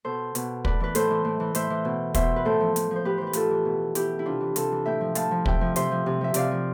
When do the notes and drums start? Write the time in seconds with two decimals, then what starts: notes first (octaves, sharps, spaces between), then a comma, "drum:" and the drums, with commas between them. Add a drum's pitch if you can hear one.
0.05 B2 A4 C5
0.35 B2, drum: hi-hat
0.65 A2 B4 D5, drum: kick
0.80 E3 B4
0.95 A2 A4 C5, drum: hi-hat
1.10 E3
1.25 A2
1.40 E3
1.55 A2 C5 E5, drum: hi-hat
1.70 E3
1.85 B2
2.14 B2 C5 E5, drum: kick, hi-hat
2.36 B4
2.45 A2 A4 C5
2.60 F3
2.76 A2, drum: hi-hat
2.91 F3 C5
3.05 A2 G4 B4
3.18 E3 C5
3.27 B4
3.33 A2 F4 A4, drum: hi-hat
3.51 E3
3.65 B2
3.95 B2 E4 G4, drum: hi-hat
4.19 E4
4.26 C3 D4 F4
4.41 E3
4.56 C3 F4 A4, drum: hi-hat
4.71 E3
4.86 A2 E5 G5
5.01 F3
5.15 A2 F5 A5, drum: hi-hat
5.31 F3
5.46 C3 E5 G5, drum: kick
5.61 F3
5.76 C3 C5 E5, drum: hi-hat
5.91 F3
6.06 C3
6.21 F3 E5
6.34 C3 D5 F5, drum: hi-hat
6.51 F3